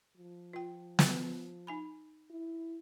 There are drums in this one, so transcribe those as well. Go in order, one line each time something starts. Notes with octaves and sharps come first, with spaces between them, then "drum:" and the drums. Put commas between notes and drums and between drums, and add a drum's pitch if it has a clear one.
F3
F4 G5
drum: snare
D#4 G#5 B5
E4